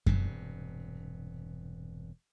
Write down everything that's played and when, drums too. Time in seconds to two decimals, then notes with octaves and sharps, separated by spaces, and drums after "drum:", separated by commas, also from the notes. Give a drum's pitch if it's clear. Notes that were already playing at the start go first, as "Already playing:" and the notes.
0.07 E1 G2 C3, drum: kick F#2